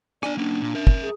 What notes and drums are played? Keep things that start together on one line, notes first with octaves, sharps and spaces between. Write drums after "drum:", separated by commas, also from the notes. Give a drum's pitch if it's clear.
D4 D5 G#5, drum: rim click
A#3 C#4 D4
A#2
A#4 E5
drum: kick
G#4